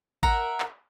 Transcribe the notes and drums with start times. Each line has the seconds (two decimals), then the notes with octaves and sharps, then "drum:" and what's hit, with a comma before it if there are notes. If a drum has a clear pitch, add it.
0.23 A#4 E5 F#5, drum: kick A1
0.60 drum: clap